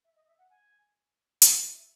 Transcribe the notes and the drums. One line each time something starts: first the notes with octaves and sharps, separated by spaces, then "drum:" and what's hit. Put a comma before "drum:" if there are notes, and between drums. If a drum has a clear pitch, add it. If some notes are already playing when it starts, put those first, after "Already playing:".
E5
D#5
E5
F#5
G#5
F#5, drum: hi-hat
E5
D#5
E5